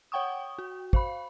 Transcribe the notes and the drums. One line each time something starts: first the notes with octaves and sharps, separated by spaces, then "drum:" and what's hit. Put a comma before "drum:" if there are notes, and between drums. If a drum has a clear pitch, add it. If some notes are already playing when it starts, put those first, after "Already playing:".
C#5 F#5 G5 C#6 D#6
F#4
C5 F5 B5, drum: kick